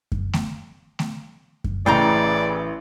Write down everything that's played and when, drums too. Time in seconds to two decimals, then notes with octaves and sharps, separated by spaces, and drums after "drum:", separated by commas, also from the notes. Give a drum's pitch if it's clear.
0.12 drum: kick F#2
0.33 drum: snare A3
0.99 drum: snare A3
1.64 drum: kick F#2
1.86 A1 C#3 E3 D5 G5 A#5